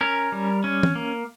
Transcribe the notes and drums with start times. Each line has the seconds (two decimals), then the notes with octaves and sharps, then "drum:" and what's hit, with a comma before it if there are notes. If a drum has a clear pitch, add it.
0.01 C#4 A#4
0.32 G3
0.64 C#4
0.83 drum: tom
0.95 A#3